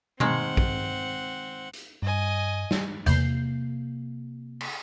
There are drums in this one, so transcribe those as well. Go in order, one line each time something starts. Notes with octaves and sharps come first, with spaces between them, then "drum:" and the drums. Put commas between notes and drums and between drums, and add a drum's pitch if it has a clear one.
D#3 G#3 C4 F#5, drum: tom B2
drum: kick
drum: hi-hat
G2 D#5 G#5
drum: snare G3
E2 C3 A#3 G6 C7, drum: hi-hat
drum: cymbal